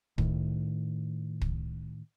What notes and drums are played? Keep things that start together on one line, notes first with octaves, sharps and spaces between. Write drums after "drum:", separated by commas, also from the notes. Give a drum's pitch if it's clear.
A2 D#3, drum: kick
drum: kick